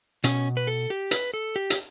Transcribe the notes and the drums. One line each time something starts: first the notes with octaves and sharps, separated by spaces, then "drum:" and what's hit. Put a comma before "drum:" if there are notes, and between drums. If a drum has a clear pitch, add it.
B2 C#4, drum: hi-hat
B4
A4
G4
B4, drum: hi-hat
A4
G4
drum: hi-hat